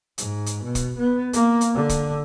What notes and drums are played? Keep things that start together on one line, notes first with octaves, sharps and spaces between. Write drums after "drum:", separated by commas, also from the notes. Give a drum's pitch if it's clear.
G#2, drum: hi-hat
drum: hi-hat
B2
drum: kick, hi-hat
B3
A#3, drum: hi-hat
drum: hi-hat
D3
drum: kick, hi-hat